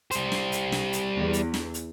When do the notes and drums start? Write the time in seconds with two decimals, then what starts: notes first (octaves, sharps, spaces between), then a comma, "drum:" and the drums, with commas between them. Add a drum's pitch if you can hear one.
0.11 G3 C5, drum: hi-hat
0.32 drum: snare
0.52 drum: hi-hat
0.72 drum: snare
0.93 drum: hi-hat
1.17 E2
1.33 drum: hi-hat
1.54 drum: snare
1.74 drum: hi-hat